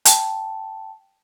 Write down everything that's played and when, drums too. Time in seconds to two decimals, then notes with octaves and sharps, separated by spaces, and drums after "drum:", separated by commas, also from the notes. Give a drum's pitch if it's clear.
0.05 G5 A5, drum: hi-hat